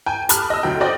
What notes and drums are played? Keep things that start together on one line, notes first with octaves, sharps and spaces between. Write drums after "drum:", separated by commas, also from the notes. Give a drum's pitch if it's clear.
G5 G#5
A5 B5 D6 D#6 F6 F#6, drum: hi-hat
D#5 E6
D2 F#3 G5
F#4 C5 D5 D#5 G5